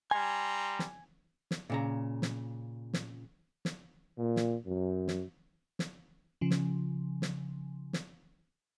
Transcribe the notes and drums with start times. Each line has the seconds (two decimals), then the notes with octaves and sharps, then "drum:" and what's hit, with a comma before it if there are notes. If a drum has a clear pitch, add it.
0.11 G3 G#5 A#5 C6
0.79 drum: snare
1.51 drum: snare
1.70 A#2 C#3 A#5
2.22 drum: snare
2.93 drum: snare
3.65 drum: snare
4.18 A#2
4.36 drum: snare
4.66 F#2
5.08 drum: snare
5.79 drum: snare
6.41 C#3 F3
6.51 drum: snare
7.22 drum: snare
7.93 drum: snare